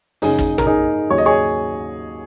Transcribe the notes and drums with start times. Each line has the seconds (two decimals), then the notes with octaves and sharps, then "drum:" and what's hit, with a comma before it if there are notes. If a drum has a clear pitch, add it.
0.22 F#1 F#2 C#3 D#4 G#4, drum: open hi-hat
0.38 drum: kick
0.58 A#4, drum: tom
0.67 D#4 G#4
1.10 D#2 C#3 F#3 C#5
1.18 D#5
1.26 G#4 C#5